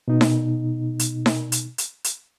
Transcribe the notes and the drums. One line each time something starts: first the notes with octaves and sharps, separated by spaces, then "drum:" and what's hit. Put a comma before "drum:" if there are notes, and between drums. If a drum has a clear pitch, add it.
B2 D#4
drum: snare D#4
drum: hi-hat
drum: snare D#4
drum: hi-hat
drum: hi-hat
drum: hi-hat